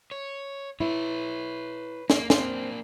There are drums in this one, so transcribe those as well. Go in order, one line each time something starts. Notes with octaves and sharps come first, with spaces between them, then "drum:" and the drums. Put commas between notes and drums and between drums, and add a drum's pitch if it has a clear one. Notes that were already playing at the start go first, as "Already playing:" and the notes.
C#5
E4 B4 C#5
A#3, drum: snare
A#3 C4 D4 F5, drum: snare